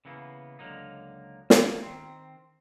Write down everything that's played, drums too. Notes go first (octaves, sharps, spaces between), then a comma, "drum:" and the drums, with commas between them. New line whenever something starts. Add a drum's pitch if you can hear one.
C#3 E3 A#3 B3
C#2 D3 F#3 A#3 D#4
E3 A3 A#3, drum: snare
D#3 C4